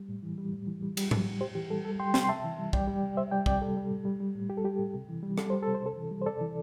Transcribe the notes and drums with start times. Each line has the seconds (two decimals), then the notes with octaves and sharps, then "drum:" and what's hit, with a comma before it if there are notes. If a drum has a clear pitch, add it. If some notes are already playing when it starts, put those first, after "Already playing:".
Already playing: G3
0.09 A2
0.23 E3
0.38 G3
0.52 A2
0.67 E3
0.82 G3
0.97 G3, drum: cymbal
1.11 G3, drum: tom G#2
1.26 A2
1.41 A2 G4 C5
1.55 E3 G4
1.70 G3 A4
1.85 G3 A4
2.00 G3 G5 C6
2.14 C3 G5 C6, drum: snare
2.24 C6
2.29 C3 E5 A5
2.44 E3
2.58 G3
2.73 G3 D5 G5, drum: kick
2.88 G3
3.03 C3
3.17 G3 C5 E5
3.31 G3 D5 G5
3.46 C3 D5 G5, drum: kick
3.61 G3 A4
3.77 G3
3.91 A2
4.05 G3
4.20 G3
4.35 A2
4.50 G3 G4
4.57 A4
4.64 G3 G4
4.78 A2
4.94 C3
5.09 E3
5.23 G3
5.38 G3 A4, drum: rim click
5.50 G3 C5
5.62 C3 A4
5.74 C5
5.82 C3 A4
5.97 E3
6.11 G3
6.22 C5
6.26 C3 A4 D5
6.41 E3